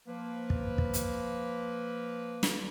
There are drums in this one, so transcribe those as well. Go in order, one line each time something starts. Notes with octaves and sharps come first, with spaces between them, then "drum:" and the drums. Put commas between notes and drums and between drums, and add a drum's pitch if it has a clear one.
F3 A#3 B4
drum: kick
drum: kick
drum: hi-hat
drum: snare